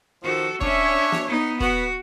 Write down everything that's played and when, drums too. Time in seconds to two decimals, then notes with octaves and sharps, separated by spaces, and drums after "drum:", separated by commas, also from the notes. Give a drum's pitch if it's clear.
0.23 D#3 F3 F#4 A4
0.61 C#4 D4 C#5 E5, drum: kick
1.12 drum: snare
1.27 B3 D#4
1.60 B3 F#4, drum: kick